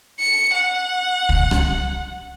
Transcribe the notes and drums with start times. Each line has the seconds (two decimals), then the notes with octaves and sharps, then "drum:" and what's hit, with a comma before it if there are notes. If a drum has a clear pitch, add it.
0.19 C#7
0.54 F#5
1.29 drum: kick
1.51 drum: rim click